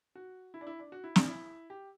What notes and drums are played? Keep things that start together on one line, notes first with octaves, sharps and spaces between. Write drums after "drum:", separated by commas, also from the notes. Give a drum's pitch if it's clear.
F#4
E4
D4
E4
D4
F#4
E4
D4, drum: snare
E4
G4